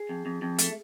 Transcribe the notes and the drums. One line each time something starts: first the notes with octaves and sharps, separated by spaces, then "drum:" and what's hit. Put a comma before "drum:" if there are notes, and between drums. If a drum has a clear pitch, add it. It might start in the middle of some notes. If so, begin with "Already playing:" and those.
Already playing: G#4
F2
F2
F2
A3, drum: hi-hat